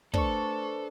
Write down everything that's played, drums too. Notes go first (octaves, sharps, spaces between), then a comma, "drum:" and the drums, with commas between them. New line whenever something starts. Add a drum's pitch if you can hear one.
A3 D4 A4 B4 C5 C#6, drum: kick